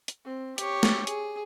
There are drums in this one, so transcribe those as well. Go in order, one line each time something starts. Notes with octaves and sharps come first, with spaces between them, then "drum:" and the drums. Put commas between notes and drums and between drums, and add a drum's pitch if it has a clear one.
drum: hi-hat
C4
G4 C#5, drum: hi-hat
drum: snare
G#4, drum: hi-hat